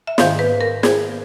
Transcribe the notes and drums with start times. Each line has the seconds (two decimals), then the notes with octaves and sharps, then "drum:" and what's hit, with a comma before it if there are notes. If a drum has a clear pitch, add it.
0.07 E5
0.18 G#2 D#3 F5, drum: snare
0.39 B4
0.61 A#4
0.83 G#4, drum: snare